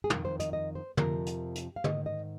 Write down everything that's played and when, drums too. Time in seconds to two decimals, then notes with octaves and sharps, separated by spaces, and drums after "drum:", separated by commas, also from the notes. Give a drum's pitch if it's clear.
0.04 G#4
0.10 F2 D#3 A#4, drum: tom
0.25 C5
0.40 D#5, drum: hi-hat
0.53 D#5
0.75 C5
0.97 F2 C3 F3 A#4, drum: tom
1.26 drum: hi-hat
1.55 drum: hi-hat
1.76 F5
1.84 G#2 D#3 D#5, drum: tom
2.06 D#5